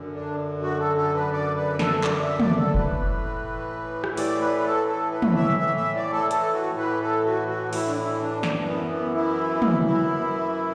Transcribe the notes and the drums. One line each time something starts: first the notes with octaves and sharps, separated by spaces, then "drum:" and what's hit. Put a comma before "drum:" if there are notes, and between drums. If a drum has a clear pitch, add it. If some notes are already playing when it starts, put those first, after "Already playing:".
Already playing: F#2 D3
D4
F#4
A4
A4
B4
D5
B4
A4, drum: snare
D5, drum: clap
E5
D5, drum: tom
A4
A2 E3 B4, drum: kick F1
drum: rim click
D5, drum: open hi-hat
B4
B4
A4
A4
B4
drum: tom
E5
A2 E3 E5
E5
D5
A4
A4, drum: hi-hat
F#4
B4
A4
F#4
F#4
E4, drum: open hi-hat
D4
E4
D4
F#2 E3 D4, drum: snare
B3
B3
E4
drum: tom
E4